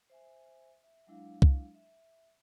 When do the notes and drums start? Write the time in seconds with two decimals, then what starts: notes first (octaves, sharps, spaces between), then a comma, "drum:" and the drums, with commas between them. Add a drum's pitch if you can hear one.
0.10 C5 E5 G#5
0.84 E5
1.07 F#3 G#3 D4 E4 F5
1.42 drum: kick C2
1.75 E5